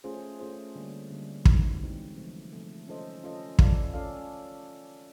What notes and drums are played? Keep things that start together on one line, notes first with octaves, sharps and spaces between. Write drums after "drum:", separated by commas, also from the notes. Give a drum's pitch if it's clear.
A3 C#4 F4 G#4 C5
A3 C#4 F4 G#4 C5
D3 G3 A#3
D3 G3 A#3
E3 G#3 C4 D#4 F#4, drum: kick
E3 G#3 C4 D#4 F#4
C3 F3 A3
C3 F3 A3
C#4 F4 A4 C5 D#5
C#4 F4 A4 C5 D#5
C#4 F4 A4 D5 F5, drum: kick
C#4 F4 A4 D5 F5